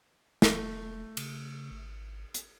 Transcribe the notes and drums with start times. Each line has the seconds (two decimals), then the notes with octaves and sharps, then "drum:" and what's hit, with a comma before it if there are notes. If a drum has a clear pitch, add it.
0.42 E1 A3, drum: snare
1.17 C#3, drum: cymbal
1.71 G#1
2.34 drum: hi-hat